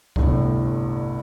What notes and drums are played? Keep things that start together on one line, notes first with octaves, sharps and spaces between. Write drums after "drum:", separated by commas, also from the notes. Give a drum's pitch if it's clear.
G1 C2 A2, drum: kick C#2